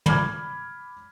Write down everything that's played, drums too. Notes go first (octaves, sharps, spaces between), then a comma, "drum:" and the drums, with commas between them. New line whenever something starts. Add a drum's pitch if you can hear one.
B5 D6 F6 G#6, drum: tom